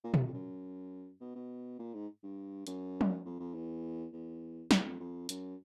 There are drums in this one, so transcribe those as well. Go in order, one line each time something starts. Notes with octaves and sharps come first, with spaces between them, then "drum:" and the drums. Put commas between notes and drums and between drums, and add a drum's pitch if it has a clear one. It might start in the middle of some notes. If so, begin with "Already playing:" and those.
A#2
E2, drum: tom
F2
F#2
B2
B2
A#2
G#2
G2
F#2, drum: hi-hat
drum: tom F3
F2
F2
E2
E2
E2, drum: snare
F2
F2
F#2, drum: hi-hat